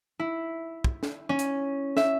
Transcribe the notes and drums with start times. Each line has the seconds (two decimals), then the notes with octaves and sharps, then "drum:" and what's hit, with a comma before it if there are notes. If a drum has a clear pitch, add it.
0.19 E4
0.84 drum: kick
1.03 drum: snare
1.29 C#4
1.39 drum: hi-hat
1.97 E5, drum: snare